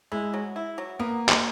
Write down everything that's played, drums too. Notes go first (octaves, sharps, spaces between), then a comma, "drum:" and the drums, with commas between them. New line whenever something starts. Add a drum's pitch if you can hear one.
G#3 E4
F#3
E4
F#3
A#3 B3
drum: clap